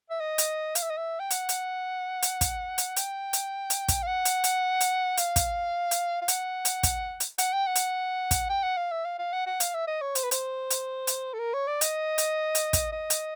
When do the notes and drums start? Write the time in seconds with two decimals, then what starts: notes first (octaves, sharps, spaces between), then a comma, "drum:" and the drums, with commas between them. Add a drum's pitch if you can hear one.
0.10 E5
0.20 D#5
0.38 drum: hi-hat
0.75 F5, drum: hi-hat
0.82 E5
0.90 D#5
0.97 E5
1.20 G5
1.31 F#5, drum: hi-hat
1.49 drum: hi-hat
2.23 drum: hi-hat
2.41 drum: kick, hi-hat
2.78 drum: hi-hat
2.97 G5, drum: hi-hat
3.33 drum: hi-hat
3.70 drum: hi-hat
3.89 drum: kick, hi-hat
4.03 F5
4.07 F#5
4.25 drum: hi-hat
4.44 drum: hi-hat
4.81 drum: hi-hat
5.18 F5, drum: hi-hat
5.36 drum: kick, hi-hat
5.91 drum: hi-hat
6.21 F5
6.28 F#5, drum: hi-hat
6.65 drum: hi-hat
6.83 drum: kick, hi-hat
7.20 drum: hi-hat
7.38 F#5, drum: hi-hat
7.53 G5
7.67 F#5
7.76 drum: hi-hat
8.31 drum: kick, hi-hat
8.49 G5
8.63 F#5
8.77 F5
8.91 E5
9.05 F5
9.19 F5
9.33 F#5
9.46 F#5
9.60 F5, drum: hi-hat
9.74 E5
9.87 D#5
10.01 C#5
10.15 C5, drum: hi-hat
10.23 B4
10.31 C5, drum: hi-hat
10.71 drum: hi-hat
11.07 drum: hi-hat
11.33 A4
11.39 A#4
11.54 C#5
11.67 D5
11.81 D#5, drum: hi-hat
12.18 drum: hi-hat
12.55 drum: hi-hat
12.73 drum: kick, hi-hat
12.92 D#5
13.10 drum: hi-hat